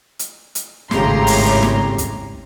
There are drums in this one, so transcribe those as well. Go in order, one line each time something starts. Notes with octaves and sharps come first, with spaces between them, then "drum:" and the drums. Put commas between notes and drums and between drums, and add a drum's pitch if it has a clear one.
drum: hi-hat
drum: hi-hat
G#1 A2 C#3 G4 A#5 C6, drum: snare
drum: open hi-hat
drum: snare
drum: kick, hi-hat